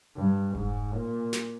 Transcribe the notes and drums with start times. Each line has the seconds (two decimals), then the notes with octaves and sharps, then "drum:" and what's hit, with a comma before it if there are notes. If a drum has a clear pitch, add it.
0.16 G2
0.55 G#2, drum: kick F1
0.94 A#2
1.33 drum: snare